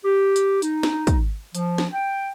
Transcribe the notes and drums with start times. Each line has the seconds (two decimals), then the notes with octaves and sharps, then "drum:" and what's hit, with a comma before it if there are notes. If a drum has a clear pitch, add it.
0.05 G4
0.36 drum: hi-hat
0.62 D#4, drum: hi-hat
0.83 drum: snare
1.07 drum: kick, hi-hat
1.55 F3, drum: hi-hat
1.78 drum: snare
1.93 G5